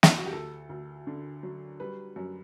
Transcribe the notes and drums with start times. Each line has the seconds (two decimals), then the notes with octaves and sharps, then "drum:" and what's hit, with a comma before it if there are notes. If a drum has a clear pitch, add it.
0.03 D4, drum: snare
0.10 E4
0.18 F#4
0.26 G4
0.32 D2 A4
0.69 D2
1.07 D3
1.43 F#3
1.80 G3 B4
2.16 F#2